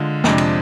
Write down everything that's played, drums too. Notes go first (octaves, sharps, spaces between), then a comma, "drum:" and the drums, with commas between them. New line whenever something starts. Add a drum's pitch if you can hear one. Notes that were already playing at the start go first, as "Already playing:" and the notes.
Already playing: D3 G#3 F4
F2 C3 F3 G#3 D4, drum: snare
drum: cymbal